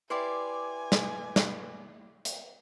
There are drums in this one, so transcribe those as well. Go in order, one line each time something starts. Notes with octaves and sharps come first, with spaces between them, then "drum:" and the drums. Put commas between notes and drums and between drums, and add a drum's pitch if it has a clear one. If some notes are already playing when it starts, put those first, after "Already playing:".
E4 G4 B4 D5 G#5 C6 D6
drum: snare
drum: snare
drum: hi-hat